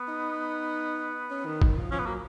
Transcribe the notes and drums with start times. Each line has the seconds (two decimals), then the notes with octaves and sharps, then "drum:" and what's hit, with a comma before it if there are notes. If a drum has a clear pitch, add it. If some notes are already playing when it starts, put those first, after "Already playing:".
Already playing: B3
0.08 D#4
1.30 C#4
1.45 D#3
1.62 D#3, drum: kick
1.77 F3
1.91 F3 C#4
1.99 B3
2.06 F#3 A#3